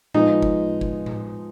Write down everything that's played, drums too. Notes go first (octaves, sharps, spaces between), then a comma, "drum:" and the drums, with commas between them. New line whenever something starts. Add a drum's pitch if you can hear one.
F3 G#3 B3 D#4, drum: tom A2
drum: kick F#1
drum: kick F#1
drum: tom A2